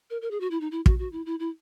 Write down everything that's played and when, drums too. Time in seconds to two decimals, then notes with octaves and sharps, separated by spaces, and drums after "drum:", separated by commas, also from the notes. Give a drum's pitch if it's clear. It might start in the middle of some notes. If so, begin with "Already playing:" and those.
0.10 A#4
0.22 A#4
0.31 G#4
0.40 F#4
0.51 E4
0.61 D#4
0.71 E4
0.86 F#4, drum: kick
0.99 F#4
1.12 E4
1.26 E4
1.39 E4